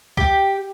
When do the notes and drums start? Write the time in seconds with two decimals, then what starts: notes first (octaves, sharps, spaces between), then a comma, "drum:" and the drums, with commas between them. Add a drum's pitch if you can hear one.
0.17 G4, drum: kick C2